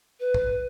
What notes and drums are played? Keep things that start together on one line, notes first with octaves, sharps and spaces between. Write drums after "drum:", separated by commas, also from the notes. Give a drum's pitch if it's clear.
B4
drum: kick